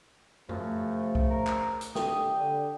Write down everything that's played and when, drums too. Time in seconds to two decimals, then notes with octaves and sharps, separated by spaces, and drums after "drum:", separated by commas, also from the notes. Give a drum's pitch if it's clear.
0.49 F#2 C#3 F3 A3, drum: tom F#2
1.15 drum: kick C2
1.30 A#4
1.47 drum: clap
1.81 drum: hi-hat
1.95 D3 A3 G4 D#6, drum: snare
2.39 D3